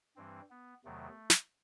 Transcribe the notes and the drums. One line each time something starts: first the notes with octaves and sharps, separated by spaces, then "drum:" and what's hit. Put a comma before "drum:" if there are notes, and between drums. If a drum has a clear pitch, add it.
G2 E3 G3 C4
B3
E2 C3 D#3 F#3 A3
drum: snare